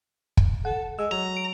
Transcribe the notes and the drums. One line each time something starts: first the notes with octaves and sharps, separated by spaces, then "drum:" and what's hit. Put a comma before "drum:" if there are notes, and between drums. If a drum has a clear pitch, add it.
drum: kick
A4 F#5
G#3 E6
F#3 A#5
D7